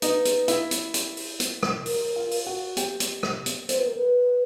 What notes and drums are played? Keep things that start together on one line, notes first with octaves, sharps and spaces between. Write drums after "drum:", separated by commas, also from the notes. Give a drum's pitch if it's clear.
D#4 B4 D#5, drum: hi-hat
drum: hi-hat
E4 E5, drum: hi-hat
drum: hi-hat
drum: hi-hat
drum: open hi-hat
drum: hi-hat
drum: rim click
A#4, drum: open hi-hat
F4 F5
drum: open hi-hat
F#4 F#5
G4 G5, drum: hi-hat
drum: hi-hat
drum: rim click
drum: hi-hat
C5, drum: hi-hat
B4
A#4
B4